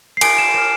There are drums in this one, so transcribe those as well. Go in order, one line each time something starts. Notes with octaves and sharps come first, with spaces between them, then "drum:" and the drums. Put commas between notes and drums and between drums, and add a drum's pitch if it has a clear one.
C7
G#5 D7, drum: cymbal
E7
D6 F6 E7